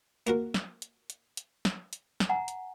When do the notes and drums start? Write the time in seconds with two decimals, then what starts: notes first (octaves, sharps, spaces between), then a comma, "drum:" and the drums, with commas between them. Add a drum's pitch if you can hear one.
0.27 A#3 F#4 A#4, drum: hi-hat
0.54 drum: snare
0.82 drum: hi-hat
1.10 drum: hi-hat
1.37 drum: hi-hat
1.65 drum: snare
1.93 drum: hi-hat
2.20 drum: snare
2.29 F#5 G#5 A#5
2.48 drum: hi-hat